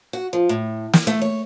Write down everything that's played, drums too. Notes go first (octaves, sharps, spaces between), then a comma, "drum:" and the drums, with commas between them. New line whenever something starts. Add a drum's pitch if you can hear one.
F#4
F3
A2
drum: snare
A3
C#5